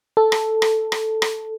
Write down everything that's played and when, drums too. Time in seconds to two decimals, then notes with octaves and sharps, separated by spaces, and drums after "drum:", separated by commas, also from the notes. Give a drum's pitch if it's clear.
0.17 A4
0.32 drum: rim click
0.62 drum: rim click
0.92 drum: rim click
1.22 drum: rim click